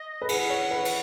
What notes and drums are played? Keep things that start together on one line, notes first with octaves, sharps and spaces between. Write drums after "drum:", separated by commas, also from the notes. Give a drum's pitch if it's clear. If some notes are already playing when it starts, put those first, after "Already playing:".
Already playing: D#5
B4
G#4 F#5, drum: cymbal
C#5
B4
drum: cymbal